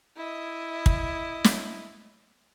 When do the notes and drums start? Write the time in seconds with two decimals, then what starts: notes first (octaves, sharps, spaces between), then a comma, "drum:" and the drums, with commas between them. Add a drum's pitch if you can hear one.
0.16 E4 D#5
0.86 drum: kick
1.44 drum: snare